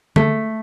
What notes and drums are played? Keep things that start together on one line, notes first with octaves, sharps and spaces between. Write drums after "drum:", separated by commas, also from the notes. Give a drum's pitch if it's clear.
A3, drum: tom D3